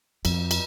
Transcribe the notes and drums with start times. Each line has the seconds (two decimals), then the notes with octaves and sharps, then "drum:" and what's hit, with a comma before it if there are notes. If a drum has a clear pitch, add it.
0.25 F2, drum: cymbal
0.51 drum: cymbal